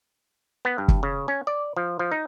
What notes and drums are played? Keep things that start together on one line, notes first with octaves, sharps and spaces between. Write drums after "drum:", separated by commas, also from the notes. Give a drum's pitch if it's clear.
B3
G2
drum: kick
C#3
C#4
D5
F3
F3
D#4